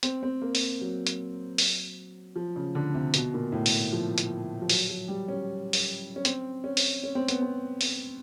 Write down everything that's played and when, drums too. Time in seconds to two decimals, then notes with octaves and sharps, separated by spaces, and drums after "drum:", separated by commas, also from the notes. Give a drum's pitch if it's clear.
0.03 C4, drum: hi-hat
0.23 C4
0.42 A#3
0.55 drum: open hi-hat
0.81 F#3
1.07 drum: hi-hat
1.58 drum: open hi-hat
2.36 F3
2.56 C#3
2.75 D3
2.95 C3
3.14 B2, drum: hi-hat
3.34 A#2
3.52 A2
3.66 drum: open hi-hat
3.92 F3
4.18 drum: hi-hat
4.62 F3
4.69 F#3, drum: open hi-hat
4.89 F#3
5.08 G3
5.28 C#4
5.73 drum: open hi-hat
6.16 C#4
6.25 C4, drum: hi-hat
6.64 C#4
6.77 drum: open hi-hat
7.03 C#4
7.15 C4
7.28 B3, drum: hi-hat
7.41 C4
7.81 drum: open hi-hat